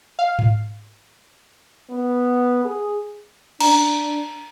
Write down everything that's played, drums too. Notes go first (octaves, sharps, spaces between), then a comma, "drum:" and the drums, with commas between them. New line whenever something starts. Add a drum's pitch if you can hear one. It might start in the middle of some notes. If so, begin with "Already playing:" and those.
F5
drum: tom G#2
B3
G#4
D4 A#5, drum: cymbal